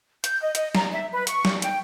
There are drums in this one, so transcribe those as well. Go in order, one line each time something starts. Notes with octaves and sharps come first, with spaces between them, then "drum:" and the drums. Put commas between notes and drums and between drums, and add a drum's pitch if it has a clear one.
G6, drum: hi-hat
D#5
D#5, drum: hi-hat
A#5, drum: snare
E5
B4
C#6, drum: hi-hat
drum: snare
G5, drum: hi-hat